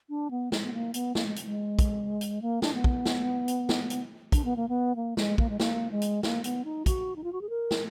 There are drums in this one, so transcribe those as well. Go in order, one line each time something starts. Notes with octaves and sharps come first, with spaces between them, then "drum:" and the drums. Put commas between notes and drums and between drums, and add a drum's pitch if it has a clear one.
D4
B3
G#3, drum: snare
B3
A#3
B3, drum: hi-hat
A#3, drum: snare
G#3
drum: hi-hat
G#3
drum: kick, hi-hat
drum: hi-hat
A#3
D4, drum: snare
B3
drum: kick
drum: snare
drum: hi-hat
drum: snare
drum: hi-hat
D4, drum: kick, hi-hat
B3
A#3
B3
A#3
G#3, drum: snare
A#3, drum: kick
G#3
A#3, drum: snare
G#3
drum: hi-hat
A#3, drum: snare
B3, drum: hi-hat
D#4
F#4, drum: kick, hi-hat
D#4
F4
F#4
G#4
A#4
drum: snare